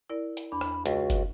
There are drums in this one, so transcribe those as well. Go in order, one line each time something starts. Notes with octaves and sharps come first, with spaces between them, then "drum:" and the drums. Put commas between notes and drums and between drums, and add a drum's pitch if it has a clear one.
E4 A#4 D5
drum: hi-hat
E2 D4 B5
drum: rim click
C#2 F#4, drum: hi-hat
drum: kick F#1, hi-hat